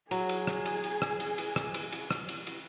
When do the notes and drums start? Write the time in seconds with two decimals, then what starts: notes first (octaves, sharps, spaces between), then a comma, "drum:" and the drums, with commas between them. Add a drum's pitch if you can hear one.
0.11 F#3 G#4 G#5, drum: cymbal
0.29 drum: cymbal
0.47 drum: rim click
0.66 drum: cymbal
0.84 drum: cymbal
1.02 drum: rim click
1.20 drum: cymbal
1.38 drum: cymbal
1.56 drum: rim click
1.74 drum: cymbal
1.92 drum: cymbal
2.11 drum: rim click
2.29 drum: cymbal
2.47 drum: cymbal